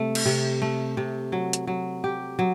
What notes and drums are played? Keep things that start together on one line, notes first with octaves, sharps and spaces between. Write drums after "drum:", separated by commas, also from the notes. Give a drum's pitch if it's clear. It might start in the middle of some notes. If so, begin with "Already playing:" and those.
Already playing: C3 A3
drum: cymbal
C3
A3
C3
F#3
drum: hi-hat
F#3
G4
F#3